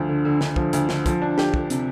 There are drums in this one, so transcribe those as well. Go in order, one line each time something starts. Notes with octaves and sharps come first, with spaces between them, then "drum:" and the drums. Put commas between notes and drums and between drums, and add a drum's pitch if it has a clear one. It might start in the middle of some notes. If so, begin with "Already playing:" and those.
Already playing: D2 F3
D3
D3
D3, drum: snare
F3, drum: kick
D2, drum: hi-hat
D3, drum: snare
F3, drum: kick, hi-hat
D4
G4, drum: snare
G4, drum: kick
C3, drum: hi-hat